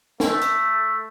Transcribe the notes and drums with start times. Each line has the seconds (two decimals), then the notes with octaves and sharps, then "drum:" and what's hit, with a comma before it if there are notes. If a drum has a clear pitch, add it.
0.20 A3, drum: snare
0.41 drum: hi-hat